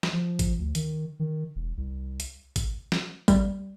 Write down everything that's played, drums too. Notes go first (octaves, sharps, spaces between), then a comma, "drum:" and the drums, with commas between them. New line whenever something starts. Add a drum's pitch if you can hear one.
drum: snare
F3
drum: kick, hi-hat
D2
D#3, drum: hi-hat
D#3
E1
C2
drum: hi-hat
drum: kick, hi-hat
drum: snare
G3, drum: kick, hi-hat